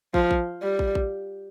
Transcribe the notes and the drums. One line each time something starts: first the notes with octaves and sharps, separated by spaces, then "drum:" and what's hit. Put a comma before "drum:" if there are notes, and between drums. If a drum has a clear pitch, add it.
F3, drum: kick
drum: kick
G3
drum: kick
drum: kick